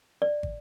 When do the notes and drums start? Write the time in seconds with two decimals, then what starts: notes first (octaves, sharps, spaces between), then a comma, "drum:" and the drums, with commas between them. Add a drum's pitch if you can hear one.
0.22 D5
0.43 drum: kick